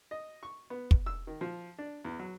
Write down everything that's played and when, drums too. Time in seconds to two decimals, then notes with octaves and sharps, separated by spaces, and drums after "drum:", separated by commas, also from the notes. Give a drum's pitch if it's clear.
0.11 D#5
0.43 C#6
0.70 B3
0.91 drum: kick
1.06 E6
1.27 D#3
1.41 F3
1.78 D4
2.05 E2
2.19 F#3